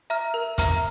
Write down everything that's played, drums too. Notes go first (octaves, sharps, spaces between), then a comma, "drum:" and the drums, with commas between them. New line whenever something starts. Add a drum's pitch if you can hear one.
E5 A#5 F6
A#4
E5 A#5 F6, drum: kick, hi-hat